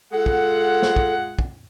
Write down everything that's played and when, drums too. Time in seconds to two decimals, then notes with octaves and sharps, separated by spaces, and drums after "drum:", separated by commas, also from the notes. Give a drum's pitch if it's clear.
0.12 G#3 F4 A4 F#5
0.26 drum: kick
0.82 drum: snare
0.96 drum: kick
1.39 drum: kick